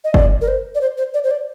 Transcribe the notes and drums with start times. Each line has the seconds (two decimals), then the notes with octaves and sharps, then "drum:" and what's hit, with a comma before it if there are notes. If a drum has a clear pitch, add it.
0.04 D#5
0.14 D5, drum: kick F#1
0.41 A#4
0.48 C5
0.75 D5
0.81 C5
0.98 C5
1.14 D5
1.24 C5
1.31 D5